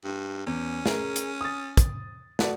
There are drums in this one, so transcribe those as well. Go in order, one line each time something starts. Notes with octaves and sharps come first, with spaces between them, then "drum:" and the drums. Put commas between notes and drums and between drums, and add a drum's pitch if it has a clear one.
G2
E2 C#4
G#4 A#4, drum: snare
drum: hi-hat
D#6 A6
drum: kick, hi-hat
F#4 A4 D5, drum: snare